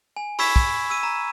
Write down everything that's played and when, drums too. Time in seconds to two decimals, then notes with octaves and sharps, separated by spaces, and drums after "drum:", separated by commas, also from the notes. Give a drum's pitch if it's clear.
0.16 G#5
0.39 B5 C#6 E6 G#6 B6 E7, drum: open hi-hat
0.56 drum: kick
0.90 E6 D#7
1.03 A#5